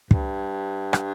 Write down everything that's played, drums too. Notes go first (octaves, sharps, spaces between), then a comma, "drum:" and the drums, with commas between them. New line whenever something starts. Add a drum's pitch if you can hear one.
G2, drum: kick
drum: rim click